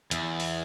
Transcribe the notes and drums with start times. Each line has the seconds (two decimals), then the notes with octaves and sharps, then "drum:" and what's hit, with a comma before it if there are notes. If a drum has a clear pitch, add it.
0.11 E2, drum: hi-hat
0.40 drum: open hi-hat